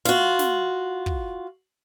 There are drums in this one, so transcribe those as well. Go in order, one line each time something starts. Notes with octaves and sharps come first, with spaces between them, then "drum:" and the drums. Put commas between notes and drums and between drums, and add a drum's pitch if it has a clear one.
F4 F#4, drum: snare
drum: snare
drum: kick